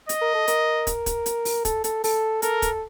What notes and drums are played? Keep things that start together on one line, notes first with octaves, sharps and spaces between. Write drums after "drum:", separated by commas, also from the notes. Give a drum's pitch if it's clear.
D#5, drum: hi-hat
A#4
A4
A#4, drum: hi-hat
drum: kick, hi-hat
drum: kick, hi-hat
drum: hi-hat
drum: open hi-hat
A4, drum: kick, hi-hat
A4, drum: hi-hat
A4, drum: open hi-hat
A4 A#4, drum: hi-hat
drum: kick, hi-hat